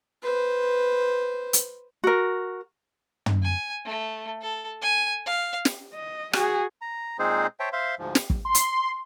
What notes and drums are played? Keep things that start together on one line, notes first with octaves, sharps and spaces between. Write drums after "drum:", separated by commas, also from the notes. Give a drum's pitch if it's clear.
B4 C5
drum: hi-hat
F#4 A#4
drum: tom
G#5
A3
A4
G#5
F5
drum: snare
D#5
F#4 G#4, drum: rim click
A#5
A#2 G#3 C4 D#4 G#4 C5
C5 C#5 E5 G5 A5
C5 E5 F5 C6
D2 G#2 F3
drum: snare
drum: kick
C6
drum: hi-hat